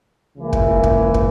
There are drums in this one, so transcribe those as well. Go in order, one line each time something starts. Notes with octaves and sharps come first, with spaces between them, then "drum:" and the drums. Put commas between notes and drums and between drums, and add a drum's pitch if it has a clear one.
C#2 C#3 E3 A#3
drum: kick
drum: kick
drum: kick